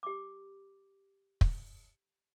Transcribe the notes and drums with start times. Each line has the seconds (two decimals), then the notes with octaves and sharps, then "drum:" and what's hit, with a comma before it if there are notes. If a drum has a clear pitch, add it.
0.03 G4 D6
1.41 drum: kick